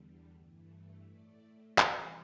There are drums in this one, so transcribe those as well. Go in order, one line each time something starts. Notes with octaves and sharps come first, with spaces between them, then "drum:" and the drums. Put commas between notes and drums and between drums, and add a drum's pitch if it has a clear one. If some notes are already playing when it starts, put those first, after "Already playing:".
Already playing: E2 D3 G3
G2 E3 A3
A2 A3 D5
C3 E3 G3, drum: clap